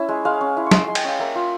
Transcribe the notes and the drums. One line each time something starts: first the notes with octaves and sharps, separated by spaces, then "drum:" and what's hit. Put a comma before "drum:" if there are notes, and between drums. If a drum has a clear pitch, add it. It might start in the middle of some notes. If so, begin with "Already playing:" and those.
Already playing: C#4 E4 E5
G#3
G#3 F5
C#4
E4
C#6
G#3 C6, drum: snare
G#3 C6
G5, drum: cymbal
C#4 F5
A#3 E5
F4